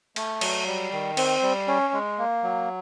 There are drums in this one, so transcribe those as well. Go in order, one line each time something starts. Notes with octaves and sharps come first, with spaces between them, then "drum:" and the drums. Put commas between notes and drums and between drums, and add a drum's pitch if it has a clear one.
A3, drum: cymbal
F#3, drum: cymbal
G3
D#3
C4, drum: cymbal
G3
C#4
G#3
A#3
F#3